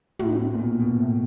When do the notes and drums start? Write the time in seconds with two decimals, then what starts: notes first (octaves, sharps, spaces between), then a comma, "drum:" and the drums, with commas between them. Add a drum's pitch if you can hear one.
0.19 A2, drum: tom
0.54 A#2
0.59 B2
0.80 B2
0.99 A2